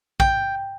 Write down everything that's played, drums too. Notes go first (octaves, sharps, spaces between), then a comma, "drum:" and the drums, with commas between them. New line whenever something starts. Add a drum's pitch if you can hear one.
G5, drum: kick A#1